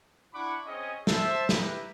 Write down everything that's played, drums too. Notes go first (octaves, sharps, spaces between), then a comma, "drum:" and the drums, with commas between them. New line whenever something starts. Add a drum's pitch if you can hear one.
D4 E4 F#5 B5 C#6 D6
C4 C#4 G#4 C#5 D#5
C5 E5 A5, drum: snare
E4 G4 A#4 B4, drum: snare